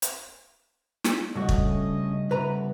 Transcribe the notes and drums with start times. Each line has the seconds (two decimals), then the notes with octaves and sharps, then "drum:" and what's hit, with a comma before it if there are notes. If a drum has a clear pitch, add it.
0.02 drum: hi-hat
1.04 drum: snare
1.36 G2 C#3 A3 C#4 F#4 D#5
1.49 drum: kick
2.31 C#3 G3 A3 B3 E4 B4 A#5